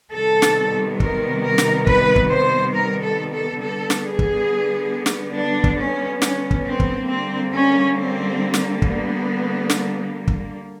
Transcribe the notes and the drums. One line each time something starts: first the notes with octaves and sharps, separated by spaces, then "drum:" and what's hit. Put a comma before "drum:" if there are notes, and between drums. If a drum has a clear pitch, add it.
C3 D#3 G3 B3 A4
drum: snare
A#4, drum: kick
A#4
drum: snare
B4, drum: kick
drum: kick
C5
A#4
A4
A4
D3 G3 B3 A4
drum: snare
G#4
drum: kick
drum: snare
D4
drum: kick
C#4
C#4, drum: snare
drum: kick
C4
drum: kick
D3 G3 A#3 C4
C#4
C4
drum: snare
B3, drum: kick
drum: snare
drum: kick